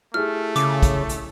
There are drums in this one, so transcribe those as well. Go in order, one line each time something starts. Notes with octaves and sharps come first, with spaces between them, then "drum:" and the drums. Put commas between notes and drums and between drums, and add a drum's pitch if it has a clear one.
A3 E4 G4 G#4 F6
C#3 D6, drum: hi-hat
drum: kick, hi-hat
drum: hi-hat